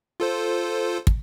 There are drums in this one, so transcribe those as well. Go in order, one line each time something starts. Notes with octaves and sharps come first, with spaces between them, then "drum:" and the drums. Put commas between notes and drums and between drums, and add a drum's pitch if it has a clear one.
F4 A4 C5
drum: kick